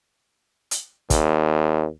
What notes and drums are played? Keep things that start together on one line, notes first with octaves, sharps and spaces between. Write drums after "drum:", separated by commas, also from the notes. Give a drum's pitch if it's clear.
drum: hi-hat
D#2, drum: kick, hi-hat